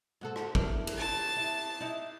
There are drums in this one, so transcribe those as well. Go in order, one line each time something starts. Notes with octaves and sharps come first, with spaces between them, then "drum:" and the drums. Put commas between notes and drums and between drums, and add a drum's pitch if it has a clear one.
G#2 F#4 A4
drum: rim click
D4 E4 A#4, drum: kick
drum: cymbal
A5
E4
D#4 E4